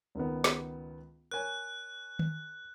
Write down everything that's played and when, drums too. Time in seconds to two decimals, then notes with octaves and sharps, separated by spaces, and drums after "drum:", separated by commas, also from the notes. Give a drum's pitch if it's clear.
0.15 C#2 D#3 B3
0.44 drum: snare
1.31 A#4 C#5 G#5 F#6
2.19 drum: tom D#3